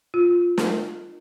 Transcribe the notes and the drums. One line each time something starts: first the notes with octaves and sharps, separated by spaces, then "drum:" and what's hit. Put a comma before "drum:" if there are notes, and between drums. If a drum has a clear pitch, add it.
F4
drum: snare